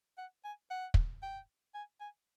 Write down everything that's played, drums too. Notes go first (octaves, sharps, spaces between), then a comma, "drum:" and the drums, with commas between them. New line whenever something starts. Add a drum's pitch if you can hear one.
F#5
G#5
F#5
drum: kick
G5
G#5
G#5